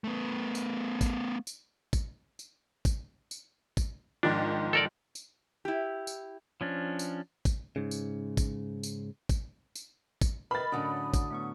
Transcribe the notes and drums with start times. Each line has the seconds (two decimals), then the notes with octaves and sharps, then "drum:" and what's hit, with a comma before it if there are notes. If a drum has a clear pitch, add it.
0.04 A3 B3
0.55 drum: tambourine
1.01 drum: kick, tambourine
1.47 drum: tambourine
1.93 drum: kick, tambourine
2.39 drum: tambourine
2.85 drum: kick, tambourine
3.31 drum: tambourine
3.77 drum: kick, tambourine
4.23 G#2 D#3 F3 D4
4.73 A4 A#4 D5
5.15 drum: tambourine
5.65 E4 G4
6.07 drum: tambourine
6.61 F3 C#4 D4
6.99 drum: tambourine
7.45 drum: kick, tambourine
7.76 G#2 C#3
7.91 drum: tambourine
8.37 drum: kick, tambourine
8.83 drum: tambourine
9.29 drum: kick, tambourine
9.75 drum: tambourine
10.21 drum: kick, tambourine
10.51 A#4 B4 D#5 B5 A6
10.72 A2 D3 F#3 C#4 D#6
11.14 drum: kick, tambourine
11.30 A3 B3 C#6